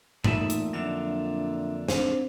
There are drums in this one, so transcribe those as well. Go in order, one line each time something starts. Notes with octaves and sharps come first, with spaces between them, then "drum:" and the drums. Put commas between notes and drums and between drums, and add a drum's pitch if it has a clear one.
E2 A#2 A3 D#4 E5, drum: tom A2
drum: hi-hat
F2 D3 F#3 D4 E5
C4 D4 C5, drum: snare